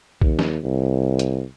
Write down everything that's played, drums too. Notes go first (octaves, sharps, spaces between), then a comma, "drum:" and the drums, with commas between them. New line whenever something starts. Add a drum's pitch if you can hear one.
D#2, drum: kick
drum: snare
C2
drum: hi-hat